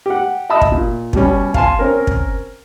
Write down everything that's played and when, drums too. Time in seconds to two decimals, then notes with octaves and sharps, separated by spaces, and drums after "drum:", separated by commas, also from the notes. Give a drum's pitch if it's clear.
0.06 G4 F#5
0.50 D#5 E5 A5 B5 D#6 E6
0.61 drum: kick
0.72 A#2
1.13 B2 G3 C#4, drum: kick
1.54 F5 G#5 A5 C6, drum: kick
1.79 C4 C#4 A#4
2.07 drum: kick